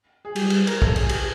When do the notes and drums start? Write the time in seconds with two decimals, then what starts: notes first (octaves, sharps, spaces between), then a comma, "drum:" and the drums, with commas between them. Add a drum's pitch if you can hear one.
0.25 G#4
0.36 G3 G4, drum: cymbal
0.50 drum: cymbal
0.67 A#4, drum: cymbal
0.82 A4, drum: kick
0.96 G#4, drum: cymbal
1.09 G4, drum: cymbal